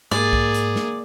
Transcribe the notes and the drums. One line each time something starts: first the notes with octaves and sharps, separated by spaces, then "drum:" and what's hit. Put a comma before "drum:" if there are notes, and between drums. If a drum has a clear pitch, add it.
G#2 A#3 G#4 D5, drum: snare
drum: kick B1
drum: hi-hat
drum: snare